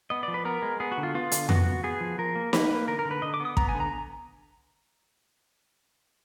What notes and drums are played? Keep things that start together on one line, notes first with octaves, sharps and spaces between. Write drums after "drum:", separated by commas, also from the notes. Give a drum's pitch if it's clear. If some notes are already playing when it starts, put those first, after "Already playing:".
B3 D#5
F3 D5
B4
B3 A#4
G#3
B3 G#4
F#4
D3
F4
B3 F4
D3, drum: hi-hat
B3 F#4, drum: tom F2
B3
B3 G#4
F3
F3 A#4
A#3
A#3 B4, drum: snare
A#3
D3 A#4
A#4
D3
B4
D3 D#5
D6
B3
D#6
B3 A#5, drum: kick
G#5
D3
A#5